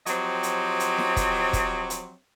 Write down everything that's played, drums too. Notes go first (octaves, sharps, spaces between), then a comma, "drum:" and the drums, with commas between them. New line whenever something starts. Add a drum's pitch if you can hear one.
F3 F#3 C4 G4 C#5 D#5, drum: hi-hat
drum: hi-hat
drum: hi-hat
drum: snare E4
drum: kick, hi-hat
drum: kick, hi-hat
drum: hi-hat